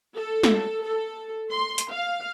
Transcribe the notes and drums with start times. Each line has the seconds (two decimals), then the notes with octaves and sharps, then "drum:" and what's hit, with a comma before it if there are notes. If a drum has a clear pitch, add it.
0.16 A4
0.43 drum: snare
0.84 A4
1.51 C6
1.78 drum: hi-hat
1.92 F5